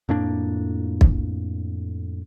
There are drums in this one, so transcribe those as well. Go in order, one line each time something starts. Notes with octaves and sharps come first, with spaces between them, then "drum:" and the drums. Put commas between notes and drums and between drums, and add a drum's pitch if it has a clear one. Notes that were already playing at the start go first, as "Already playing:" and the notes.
F2 A2 A#3 D4
drum: kick